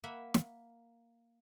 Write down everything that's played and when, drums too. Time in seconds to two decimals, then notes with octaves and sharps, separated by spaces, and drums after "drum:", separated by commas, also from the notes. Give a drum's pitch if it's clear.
0.04 A#3 E5 F#5 B5
0.34 drum: snare